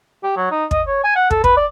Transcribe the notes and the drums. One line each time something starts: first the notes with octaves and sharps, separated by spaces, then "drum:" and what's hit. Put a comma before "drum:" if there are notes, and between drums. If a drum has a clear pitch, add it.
G4
F#3
D#4
D#5, drum: kick
C#5
G#5
F#5
A4, drum: kick
B4, drum: kick
D5